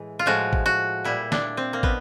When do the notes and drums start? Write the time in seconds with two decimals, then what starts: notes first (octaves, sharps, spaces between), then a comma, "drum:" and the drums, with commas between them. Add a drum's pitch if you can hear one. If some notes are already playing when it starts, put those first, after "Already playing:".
Already playing: A2 E3 G#3
0.19 F4
0.26 A2 F3 G#3 F#4
0.53 drum: kick
0.66 F#4
1.05 A#2 G3 E4
1.32 D4, drum: snare
1.57 C4
1.73 A#3
1.83 B2 B3, drum: kick